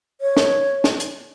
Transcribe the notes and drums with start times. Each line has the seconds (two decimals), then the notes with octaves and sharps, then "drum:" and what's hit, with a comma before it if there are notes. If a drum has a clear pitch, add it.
0.21 C#5
0.37 drum: snare
0.84 drum: snare
1.00 drum: hi-hat